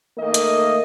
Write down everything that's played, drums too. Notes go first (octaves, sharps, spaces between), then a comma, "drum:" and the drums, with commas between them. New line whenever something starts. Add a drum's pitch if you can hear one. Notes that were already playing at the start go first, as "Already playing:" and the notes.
D#3 A3 A#3 A#4 D#5
drum: hi-hat